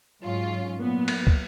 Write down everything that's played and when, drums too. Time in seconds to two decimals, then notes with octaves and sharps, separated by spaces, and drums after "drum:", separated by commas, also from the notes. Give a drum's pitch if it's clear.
0.22 G#2 F#3 C#4 F4
0.80 A#2 F#3 B3
1.08 drum: cymbal
1.27 drum: kick